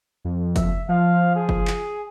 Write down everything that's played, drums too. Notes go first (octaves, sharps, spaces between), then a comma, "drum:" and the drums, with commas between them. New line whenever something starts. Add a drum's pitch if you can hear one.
F2
E5, drum: kick, hi-hat
F3 F5
G#4
drum: kick
drum: clap